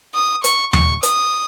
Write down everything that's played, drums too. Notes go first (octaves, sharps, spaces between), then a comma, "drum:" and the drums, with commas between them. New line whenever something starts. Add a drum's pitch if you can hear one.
D#6
C#6, drum: hi-hat
C#6, drum: tom D#2
D#6, drum: hi-hat